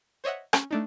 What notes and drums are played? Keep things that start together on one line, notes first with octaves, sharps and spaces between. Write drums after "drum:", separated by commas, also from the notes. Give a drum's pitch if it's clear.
C5 C#5 D#5 E5 F#5
C#4 C#6, drum: rim click
A3 D4 D#4